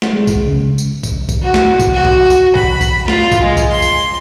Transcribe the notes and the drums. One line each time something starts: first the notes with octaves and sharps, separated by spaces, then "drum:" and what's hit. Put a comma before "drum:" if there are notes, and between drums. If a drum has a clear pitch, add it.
drum: snare
G#3
drum: kick, tambourine
C#3
drum: tambourine
drum: kick, tambourine
drum: kick, tambourine
F#4
drum: snare
drum: kick, tambourine
F#4
drum: kick
drum: tambourine
B5, drum: kick
drum: kick, tambourine
F4, drum: snare
drum: kick, tambourine
G#3
drum: kick, tambourine
C6
drum: tambourine